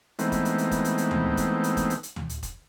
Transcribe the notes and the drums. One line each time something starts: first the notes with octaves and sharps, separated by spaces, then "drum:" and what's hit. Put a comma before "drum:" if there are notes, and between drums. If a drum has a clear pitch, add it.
E3 G#3 A3 B3 C4 D#4, drum: hi-hat
drum: kick F1, hi-hat
drum: hi-hat
drum: hi-hat
drum: kick F1, hi-hat
drum: hi-hat
drum: hi-hat
drum: tom D2
drum: kick F1, hi-hat
drum: hi-hat
drum: kick F1, hi-hat
drum: hi-hat
drum: hi-hat
drum: tom D2
drum: hi-hat
drum: kick F1, hi-hat